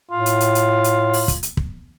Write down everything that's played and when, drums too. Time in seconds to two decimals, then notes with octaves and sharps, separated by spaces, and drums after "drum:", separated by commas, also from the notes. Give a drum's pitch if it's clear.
0.11 A2 F4
0.26 drum: hi-hat
0.40 drum: hi-hat
0.55 drum: hi-hat
0.84 drum: hi-hat
1.13 drum: open hi-hat
1.28 drum: kick, hi-hat
1.43 drum: hi-hat
1.57 drum: kick